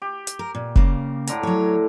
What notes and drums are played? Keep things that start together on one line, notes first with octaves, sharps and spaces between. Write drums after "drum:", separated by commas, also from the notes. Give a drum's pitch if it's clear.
G4
drum: hi-hat
A#4
A#2
C#3 A#3, drum: kick F1
A2 D3 A#5, drum: hi-hat
F#3 C#5